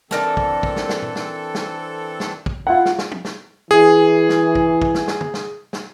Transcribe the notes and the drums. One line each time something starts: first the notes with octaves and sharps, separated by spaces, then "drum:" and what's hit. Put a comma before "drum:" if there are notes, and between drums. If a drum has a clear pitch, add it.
E3 C4 D4 A4 A#4 A5, drum: snare
drum: kick
drum: kick
drum: snare
drum: snare
drum: tom A#2
drum: snare
drum: snare
drum: snare
drum: kick
E4 F4 F#5
drum: snare
drum: snare
drum: tom
drum: snare
E3 G#4
drum: snare
drum: kick
drum: kick
drum: snare
drum: snare
drum: tom
drum: snare
drum: snare